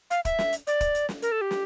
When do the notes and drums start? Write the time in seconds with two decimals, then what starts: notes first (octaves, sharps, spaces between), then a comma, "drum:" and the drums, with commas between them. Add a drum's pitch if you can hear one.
0.11 F5, drum: hi-hat
0.25 E5, drum: kick, hi-hat
0.39 drum: snare
0.53 drum: hi-hat
0.67 D5, drum: hi-hat
0.81 drum: kick, hi-hat
0.95 drum: hi-hat
1.09 drum: snare
1.22 A#4, drum: hi-hat
1.32 A4
1.41 G4
1.51 drum: snare